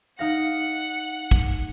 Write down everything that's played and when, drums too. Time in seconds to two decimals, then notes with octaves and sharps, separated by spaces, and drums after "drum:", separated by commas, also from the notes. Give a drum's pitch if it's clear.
0.19 D#4 F5 F#5 A#6
1.31 drum: kick